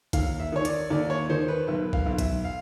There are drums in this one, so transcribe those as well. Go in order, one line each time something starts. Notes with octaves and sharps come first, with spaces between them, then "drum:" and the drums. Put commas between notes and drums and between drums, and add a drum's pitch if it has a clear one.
D#2 F5, drum: kick A#1, hi-hat
E5
D#3 C#5
D5, drum: hi-hat
D#2 D5
C#5
D#3 C5
B4
B1 B4
F5, drum: kick A#1
B1
E5, drum: kick A#1, hi-hat
F5